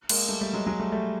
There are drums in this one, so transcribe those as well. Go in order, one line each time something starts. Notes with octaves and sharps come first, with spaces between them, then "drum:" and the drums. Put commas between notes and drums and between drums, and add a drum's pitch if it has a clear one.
G#3 A#3, drum: cymbal
G3 A3
G3 A3
F#3 G#3
F#3 G#3
G3 A3
G3 A3